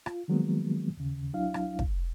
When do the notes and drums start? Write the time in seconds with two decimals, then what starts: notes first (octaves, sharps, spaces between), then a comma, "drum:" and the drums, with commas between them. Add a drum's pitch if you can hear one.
0.06 F4, drum: rim click
0.28 D#3 F3 F#3 G#3 A#3 B3
0.97 D#2 C#3
1.34 C2 F#3 D4 E4 F5
1.54 drum: rim click
1.79 drum: kick